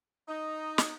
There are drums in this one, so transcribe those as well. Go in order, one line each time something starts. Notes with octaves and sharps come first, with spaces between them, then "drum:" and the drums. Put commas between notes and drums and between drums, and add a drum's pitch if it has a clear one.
D#4 D#5
drum: snare